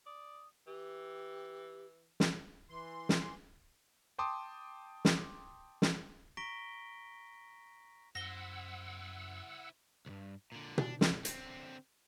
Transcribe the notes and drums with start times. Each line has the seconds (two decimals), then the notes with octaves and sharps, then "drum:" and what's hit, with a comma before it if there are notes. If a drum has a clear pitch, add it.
0.06 D5 D#6
0.67 E3 G4
2.20 drum: snare
2.69 E3 C6
3.09 drum: snare
4.19 G5 A5 C6 D6 D#6
5.05 drum: snare
5.82 drum: snare
6.37 A#5 C#6 A#6 B6 D7 G7
8.15 F#2 E4 C5 F#5 E6 A#6 G7
10.06 C2 G2
10.52 A#2 D3
10.78 D4, drum: tom B2
11.01 F2, drum: snare
11.25 D3 C4, drum: hi-hat